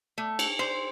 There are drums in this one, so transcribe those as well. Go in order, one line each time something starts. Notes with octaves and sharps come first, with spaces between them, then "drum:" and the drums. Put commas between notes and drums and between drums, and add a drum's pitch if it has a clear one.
A3
drum: cymbal
C5